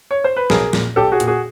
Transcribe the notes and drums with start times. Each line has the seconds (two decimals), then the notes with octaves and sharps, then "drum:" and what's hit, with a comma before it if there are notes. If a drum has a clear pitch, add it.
0.11 C#5
0.24 C5
0.36 B4
0.50 B1 G#4 A#4, drum: snare
0.73 A#2, drum: snare
0.96 B1 G4 A4
1.12 F#4 G#4
1.20 A#2, drum: hi-hat
1.28 F#4 G#4